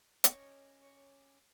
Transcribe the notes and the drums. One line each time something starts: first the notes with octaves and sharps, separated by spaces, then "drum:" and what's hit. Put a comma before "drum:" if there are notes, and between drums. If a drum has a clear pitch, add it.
C#4 G4 A#4 C#5 D#5, drum: hi-hat
C#5